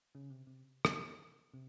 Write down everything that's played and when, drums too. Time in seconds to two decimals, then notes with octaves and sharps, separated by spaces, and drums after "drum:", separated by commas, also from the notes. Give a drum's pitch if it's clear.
0.15 C#3
0.30 C3
0.47 C3
0.85 drum: rim click
1.54 C3